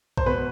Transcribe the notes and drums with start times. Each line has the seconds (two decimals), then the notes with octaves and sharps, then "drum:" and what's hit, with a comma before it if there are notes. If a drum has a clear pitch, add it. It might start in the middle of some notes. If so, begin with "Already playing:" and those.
0.17 C5, drum: kick B1
0.26 B2 B4